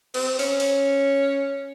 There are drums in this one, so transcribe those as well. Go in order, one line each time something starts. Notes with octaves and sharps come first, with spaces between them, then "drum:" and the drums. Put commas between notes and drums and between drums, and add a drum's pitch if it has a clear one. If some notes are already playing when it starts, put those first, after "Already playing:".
C4, drum: cymbal
C#4, drum: open hi-hat
drum: open hi-hat